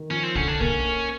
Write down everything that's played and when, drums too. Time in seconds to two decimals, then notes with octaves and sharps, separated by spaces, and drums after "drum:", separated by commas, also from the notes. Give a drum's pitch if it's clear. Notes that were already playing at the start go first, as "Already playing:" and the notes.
Already playing: D#3
0.10 F3 C#4
0.23 C4
0.35 D3 C#4, drum: kick
0.48 D4
0.61 A#3 C#4, drum: kick